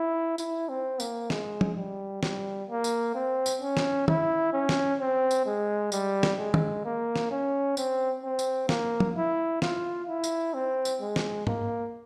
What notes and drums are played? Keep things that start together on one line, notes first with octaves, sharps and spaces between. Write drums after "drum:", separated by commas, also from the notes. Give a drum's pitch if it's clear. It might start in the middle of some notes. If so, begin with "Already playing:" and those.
Already playing: E4
E4, drum: tambourine
C4
A#3, drum: tambourine
G#3, drum: snare
drum: tom F3
G3
G3, drum: snare
A#3
drum: tambourine
C4
drum: tambourine
C#4
drum: snare
E4, drum: tom
C#4
drum: snare
C4
drum: tambourine
G#3
G3, drum: tambourine
drum: snare
G#3
drum: tom
A#3
drum: snare
C#4
C4, drum: tambourine
C4
drum: tambourine
A#3, drum: snare
drum: tom F3
E4
F4, drum: snare
E4
drum: tambourine
C4
drum: tambourine
G#3
drum: snare
A#3, drum: tom G#2